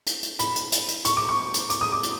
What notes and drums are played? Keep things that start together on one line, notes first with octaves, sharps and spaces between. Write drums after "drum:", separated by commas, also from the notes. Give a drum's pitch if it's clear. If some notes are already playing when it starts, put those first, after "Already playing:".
drum: hi-hat
drum: hi-hat
B5, drum: hi-hat
drum: hi-hat
drum: hi-hat
drum: hi-hat
C#6, drum: hi-hat
D6
C#6
drum: hi-hat
D6, drum: hi-hat
D#6
D6
drum: hi-hat